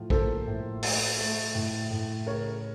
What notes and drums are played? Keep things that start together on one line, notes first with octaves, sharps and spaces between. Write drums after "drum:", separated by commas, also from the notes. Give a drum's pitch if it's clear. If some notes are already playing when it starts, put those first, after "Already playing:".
Already playing: A2 F3 F4
A#3 A4 C5, drum: kick
A2
A3, drum: open hi-hat
A3
A2
A2
C#3 A#4 C#5